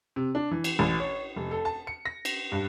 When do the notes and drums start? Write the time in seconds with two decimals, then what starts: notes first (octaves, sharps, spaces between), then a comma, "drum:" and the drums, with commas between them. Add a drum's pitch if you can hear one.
0.16 C3
0.35 D4
0.51 E3
0.64 drum: cymbal
0.79 A1
1.00 C#5
1.36 F1
1.51 A4
1.65 A5
1.87 C#7
2.05 A#6
2.25 drum: cymbal
2.52 G2